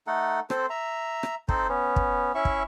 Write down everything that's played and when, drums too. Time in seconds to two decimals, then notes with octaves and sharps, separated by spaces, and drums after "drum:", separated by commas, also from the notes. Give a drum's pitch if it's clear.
0.07 A3 D#4 A4 F#5
0.50 C4 A4 C5, drum: rim click
0.70 E5 A#5
1.23 drum: rim click
1.49 C4 D#4 A4 C5, drum: kick
1.69 B3 C#4
1.96 drum: kick
2.35 C#4 E4 E5 C#6
2.45 drum: kick